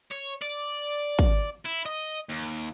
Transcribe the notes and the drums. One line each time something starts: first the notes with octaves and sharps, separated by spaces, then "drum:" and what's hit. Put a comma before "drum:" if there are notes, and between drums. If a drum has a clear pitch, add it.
C#5
D5
drum: kick
E4
D#5
D#2